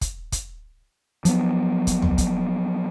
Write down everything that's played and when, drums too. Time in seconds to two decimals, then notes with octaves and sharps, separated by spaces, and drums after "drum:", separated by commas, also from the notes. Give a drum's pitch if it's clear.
0.01 drum: kick, hi-hat
0.32 drum: kick, hi-hat
1.25 F3 F#3 A#3 B3, drum: hi-hat
1.87 drum: kick, hi-hat
2.02 drum: tom
2.18 drum: kick, hi-hat